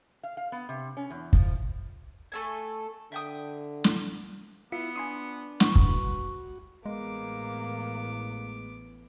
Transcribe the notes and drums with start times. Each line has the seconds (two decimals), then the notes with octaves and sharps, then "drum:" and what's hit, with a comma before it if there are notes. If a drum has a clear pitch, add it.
0.23 F5
0.37 F5
0.52 B3
0.69 C3
0.97 C#4
1.10 E2
1.33 F3, drum: kick
2.32 A3 A4 G#5
3.12 D3 E5 G5 D#6
3.84 drum: snare
4.72 B3 E4 F4 E5 C#7
4.96 D4 G#5 C6 D#6
5.60 B4 F#5 C#6, drum: snare
5.76 drum: kick
5.88 F#4
6.85 A1 A2 G#3 A#3 B3 D6